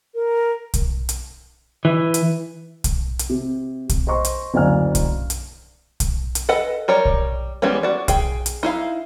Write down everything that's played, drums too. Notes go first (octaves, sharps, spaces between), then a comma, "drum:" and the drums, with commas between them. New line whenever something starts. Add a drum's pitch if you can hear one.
A#4
drum: kick, hi-hat
drum: hi-hat
E3
drum: hi-hat
drum: kick, hi-hat
drum: hi-hat
C3
drum: kick, hi-hat
C5 D#5 C6 C#6
drum: hi-hat
F#1 D2 D5 F5 G#5 F6
drum: kick, hi-hat
drum: hi-hat
drum: kick, hi-hat
drum: hi-hat
A4 B4 D#5 F#5
G3 A#4 C#5 D5
drum: kick
E3 G3 G#3 B3 C#4
F#4 D5
G#4 G5, drum: kick, hi-hat
drum: hi-hat
D#4 E4 F5